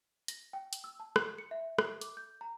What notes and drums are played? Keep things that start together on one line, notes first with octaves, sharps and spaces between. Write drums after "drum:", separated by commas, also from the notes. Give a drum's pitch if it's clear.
A#6, drum: hi-hat
G5
drum: hi-hat
E6
A5
C6, drum: rim click
C#7
E5
A4, drum: rim click
D6, drum: hi-hat
G6
A#5